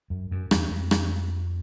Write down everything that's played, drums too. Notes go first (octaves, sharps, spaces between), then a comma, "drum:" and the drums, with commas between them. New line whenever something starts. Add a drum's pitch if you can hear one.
F#2
F#2
E2, drum: rim click
F2
drum: rim click